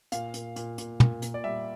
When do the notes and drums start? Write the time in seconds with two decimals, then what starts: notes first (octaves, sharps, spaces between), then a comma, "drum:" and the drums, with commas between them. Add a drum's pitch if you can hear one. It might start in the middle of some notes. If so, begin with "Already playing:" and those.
0.12 A#2 F5, drum: hi-hat
0.34 A#2, drum: hi-hat
0.56 A#2, drum: hi-hat
0.78 A#2, drum: hi-hat
1.00 A#2, drum: tom
1.22 A#3, drum: hi-hat
1.34 D5
1.44 G3 E5